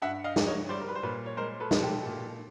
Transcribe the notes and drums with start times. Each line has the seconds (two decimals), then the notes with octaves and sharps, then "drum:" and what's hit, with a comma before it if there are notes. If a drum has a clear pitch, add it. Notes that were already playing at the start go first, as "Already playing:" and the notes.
0.02 G2 E5 F#5
0.24 D#5 F5
0.36 G2, drum: snare
0.47 C#5 D#5
0.69 G3 C5 D5
0.81 A#4
0.88 B4
0.95 C5
1.03 A#2 B4 C#5
1.26 C#5
1.37 G#3 A#4 C5
1.60 A4 B4
1.71 B2, drum: snare
1.82 G4 A4
2.06 A#2